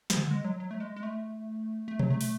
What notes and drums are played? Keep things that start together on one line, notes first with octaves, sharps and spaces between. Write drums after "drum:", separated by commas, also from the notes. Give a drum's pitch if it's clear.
F3, drum: snare
D3
G#3
F#3
F#3
A3
G#3
G#3
A3
A3
F#3, drum: tom B2
A3
A3, drum: open hi-hat